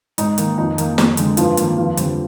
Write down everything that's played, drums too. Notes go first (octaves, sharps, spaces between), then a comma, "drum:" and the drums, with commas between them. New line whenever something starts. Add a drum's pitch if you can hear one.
G#2 D#4, drum: hi-hat
D#3 A#3, drum: hi-hat
F2 D#4
D#3 A#3, drum: hi-hat
F2, drum: snare
D3 G#3, drum: hi-hat
G2 F3 F4, drum: hi-hat
D#3 A#3, drum: hi-hat
F2 F3 F4
D3 G3 C4, drum: hi-hat